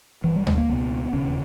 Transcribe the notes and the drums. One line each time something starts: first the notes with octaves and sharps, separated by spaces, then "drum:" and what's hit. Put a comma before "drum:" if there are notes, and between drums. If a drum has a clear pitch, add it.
G1 G2 E3
G3
G#3, drum: tom D2
A#3
C#2 B2 B3
E1 D#2 C#3 C#4